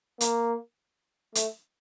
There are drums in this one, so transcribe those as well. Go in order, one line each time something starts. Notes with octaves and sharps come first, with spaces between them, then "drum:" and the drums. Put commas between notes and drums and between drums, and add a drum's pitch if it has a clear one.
A#3, drum: hi-hat
A3, drum: hi-hat